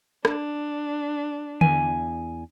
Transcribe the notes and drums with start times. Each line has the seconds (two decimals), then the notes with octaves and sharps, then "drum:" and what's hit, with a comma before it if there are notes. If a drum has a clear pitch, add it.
0.25 D4, drum: rim click
1.61 E2 G#5, drum: tom D3